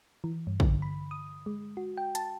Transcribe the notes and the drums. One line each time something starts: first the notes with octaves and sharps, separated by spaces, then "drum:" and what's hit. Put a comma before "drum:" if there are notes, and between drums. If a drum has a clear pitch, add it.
E3
G2
D3, drum: kick
B5
D#6
G#3
F#4
G5
A5, drum: hi-hat